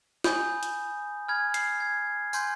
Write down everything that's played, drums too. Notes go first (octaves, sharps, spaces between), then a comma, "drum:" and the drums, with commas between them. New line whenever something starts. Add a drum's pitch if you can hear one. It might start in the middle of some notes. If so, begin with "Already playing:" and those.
G#5 B5 D#6 G6, drum: snare
drum: hi-hat
G#5 B5 F6 G#6
C7, drum: hi-hat
G#6
G#5 C6 G6, drum: tambourine